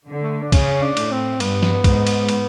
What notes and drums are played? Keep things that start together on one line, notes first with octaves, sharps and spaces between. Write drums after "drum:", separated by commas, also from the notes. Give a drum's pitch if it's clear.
D3
A3
D4
C#3 C#4, drum: kick, cymbal
D4
A2, drum: cymbal
C4
G2 B3, drum: cymbal
drum: snare
G#2, drum: kick, cymbal
drum: cymbal
drum: cymbal